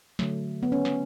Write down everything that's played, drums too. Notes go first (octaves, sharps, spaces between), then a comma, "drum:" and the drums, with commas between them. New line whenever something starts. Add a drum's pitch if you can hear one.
D3 F#3 A3, drum: snare
B3
C#4
drum: snare